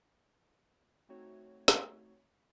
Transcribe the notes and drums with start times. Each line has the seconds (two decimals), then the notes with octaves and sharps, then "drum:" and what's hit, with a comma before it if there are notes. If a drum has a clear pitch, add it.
1.09 A3 C4 D#4 F#4 C#5
1.68 drum: snare